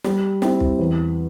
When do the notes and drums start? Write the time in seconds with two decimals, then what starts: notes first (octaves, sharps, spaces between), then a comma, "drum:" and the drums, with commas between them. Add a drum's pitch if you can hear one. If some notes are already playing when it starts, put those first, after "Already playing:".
0.04 G3, drum: snare
0.42 C4 E4, drum: snare
0.60 drum: kick
0.79 E2